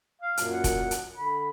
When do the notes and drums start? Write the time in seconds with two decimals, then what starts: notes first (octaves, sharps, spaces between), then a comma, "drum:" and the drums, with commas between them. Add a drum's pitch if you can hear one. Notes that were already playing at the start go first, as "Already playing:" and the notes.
0.22 F5
0.37 F#2 A#2 F#3, drum: hi-hat
0.50 F#5
0.64 drum: kick F1, hi-hat
0.91 drum: hi-hat
1.17 D3 B5